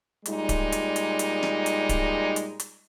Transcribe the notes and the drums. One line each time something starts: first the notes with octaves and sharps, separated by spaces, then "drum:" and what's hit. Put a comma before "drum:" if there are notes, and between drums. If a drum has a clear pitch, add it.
A#2 G3 G#3 D#4, drum: hi-hat
drum: kick D1, hi-hat
drum: hi-hat
drum: hi-hat
drum: hi-hat
drum: snare
drum: hi-hat
drum: kick D1, hi-hat
drum: hi-hat
drum: hi-hat